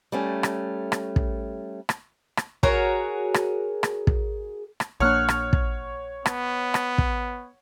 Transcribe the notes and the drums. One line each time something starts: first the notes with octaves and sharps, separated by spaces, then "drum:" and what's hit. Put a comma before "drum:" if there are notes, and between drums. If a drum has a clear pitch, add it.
G3 A3 C#4
drum: rim click
drum: rim click
drum: kick
drum: rim click
drum: rim click
F#4 G#4 A#4 C#5, drum: kick
drum: rim click
drum: rim click
drum: kick
drum: rim click
A#1 A#3 D4 C#5 F#5 F6 F#6
drum: rim click
drum: kick
B3, drum: rim click
drum: rim click
drum: kick